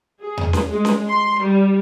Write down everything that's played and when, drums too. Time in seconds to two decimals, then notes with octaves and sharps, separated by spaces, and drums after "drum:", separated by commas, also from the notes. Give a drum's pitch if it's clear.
0.21 G#4
0.37 drum: tom E2
0.53 drum: snare C#4
0.69 G#3
0.85 drum: snare C#4
1.08 C6
1.41 G3